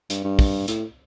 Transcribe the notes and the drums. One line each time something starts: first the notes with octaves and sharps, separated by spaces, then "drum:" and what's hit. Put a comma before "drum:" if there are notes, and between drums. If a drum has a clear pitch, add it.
G2, drum: hi-hat
G2
drum: kick, open hi-hat
A2, drum: hi-hat